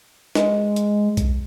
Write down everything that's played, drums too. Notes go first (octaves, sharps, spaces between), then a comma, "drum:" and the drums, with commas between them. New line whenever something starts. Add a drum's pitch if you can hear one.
G#3, drum: snare
drum: hi-hat
drum: kick B1, hi-hat